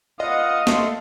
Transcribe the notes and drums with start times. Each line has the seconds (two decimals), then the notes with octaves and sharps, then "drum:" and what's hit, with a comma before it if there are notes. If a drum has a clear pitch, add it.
0.20 F4 B4 D#5 F5 F#5 D#6
0.67 A3 C6, drum: snare